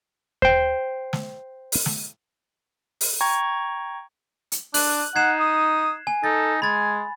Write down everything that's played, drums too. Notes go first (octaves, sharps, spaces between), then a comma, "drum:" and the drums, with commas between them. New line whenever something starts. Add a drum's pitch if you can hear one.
C5 G5, drum: kick D#2
drum: snare
drum: open hi-hat
drum: snare
drum: open hi-hat
G5 A#5 C#6 G#6
drum: hi-hat
D4 F#6 F#7, drum: open hi-hat
D#4 F#5 G#6 C7 E7
D#6
G#5
D#4 A4 A6
G#3 G#5 B5 A6